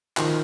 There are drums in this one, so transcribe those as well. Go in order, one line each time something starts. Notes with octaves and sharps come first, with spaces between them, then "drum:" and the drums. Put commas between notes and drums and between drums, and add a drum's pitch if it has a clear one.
D#3 F3, drum: clap